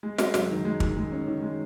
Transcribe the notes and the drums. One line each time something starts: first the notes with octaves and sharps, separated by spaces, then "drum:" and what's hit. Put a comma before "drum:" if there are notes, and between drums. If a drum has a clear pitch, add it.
G#3
G#3, drum: snare
F#2, drum: snare
D#3
G#3
D#3, drum: kick
G#3
C#4
D#3
G#3